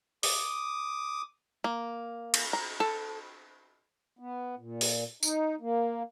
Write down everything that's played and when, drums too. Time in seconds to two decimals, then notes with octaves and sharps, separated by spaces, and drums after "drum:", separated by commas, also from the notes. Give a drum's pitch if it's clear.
0.23 D6 D#6, drum: open hi-hat
1.64 A#3
2.34 drum: cymbal
2.53 A#5
2.80 A4
4.19 B3
4.58 A#2
4.81 drum: open hi-hat
5.23 D#4, drum: tambourine
5.61 A#3